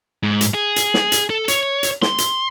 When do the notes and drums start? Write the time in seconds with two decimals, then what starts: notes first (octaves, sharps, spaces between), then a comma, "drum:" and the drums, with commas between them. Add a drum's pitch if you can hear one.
0.23 G#2
0.41 drum: hi-hat
0.54 G#4
0.76 drum: hi-hat
0.94 drum: snare
1.12 drum: hi-hat
1.30 A4
1.48 C#5, drum: hi-hat
1.83 drum: hi-hat
2.02 C6, drum: snare
2.18 drum: hi-hat